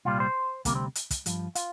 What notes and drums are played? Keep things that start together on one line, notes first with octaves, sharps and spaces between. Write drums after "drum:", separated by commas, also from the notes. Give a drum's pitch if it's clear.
C2 A#2 G3 F4
C5
D2 C3 G3 A#3, drum: kick, hi-hat
C4
drum: hi-hat
drum: kick, hi-hat
G2 F3, drum: hi-hat
F4, drum: hi-hat